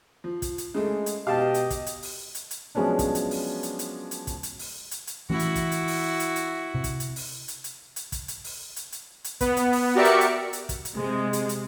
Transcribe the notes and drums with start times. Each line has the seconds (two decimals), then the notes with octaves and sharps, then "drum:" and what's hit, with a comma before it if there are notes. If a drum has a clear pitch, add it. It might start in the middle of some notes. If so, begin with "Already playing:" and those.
0.24 F3
0.42 drum: kick, hi-hat
0.58 drum: hi-hat
0.74 C#3 G#3 A3
1.06 drum: hi-hat
1.27 B2 G4 D#5 F5 A5
1.54 drum: hi-hat
1.70 drum: kick, hi-hat
1.86 drum: hi-hat
2.02 drum: open hi-hat
2.35 drum: hi-hat
2.51 drum: hi-hat
2.75 F3 F#3 G#3 B3 C#4 D4
2.99 drum: kick, hi-hat
3.15 drum: hi-hat
3.31 drum: open hi-hat
3.63 drum: hi-hat
3.79 drum: hi-hat
4.11 drum: hi-hat
4.27 drum: kick, hi-hat
4.43 drum: hi-hat
4.59 drum: open hi-hat
4.91 drum: hi-hat
5.07 drum: hi-hat
5.30 E3 A3 C#4 E4 F#4
5.39 drum: hi-hat
5.55 drum: kick, hi-hat
5.72 drum: hi-hat
5.88 drum: open hi-hat
6.20 drum: hi-hat
6.36 drum: hi-hat
6.75 C3
6.84 drum: kick, hi-hat
7.00 drum: hi-hat
7.16 drum: open hi-hat
7.48 drum: hi-hat
7.64 drum: hi-hat
7.96 drum: hi-hat
8.12 drum: kick, hi-hat
8.28 drum: hi-hat
8.44 drum: open hi-hat
8.76 drum: hi-hat
8.92 drum: hi-hat
9.24 drum: hi-hat
9.41 B3, drum: kick, hi-hat
9.57 drum: hi-hat
9.73 drum: open hi-hat
9.95 F#4 G4 A#4 D5 E5 C#7
10.05 drum: hi-hat
10.21 drum: hi-hat
10.53 drum: hi-hat
10.69 drum: kick, hi-hat
10.85 drum: hi-hat
10.95 C3 G#3
11.33 drum: hi-hat
11.49 drum: hi-hat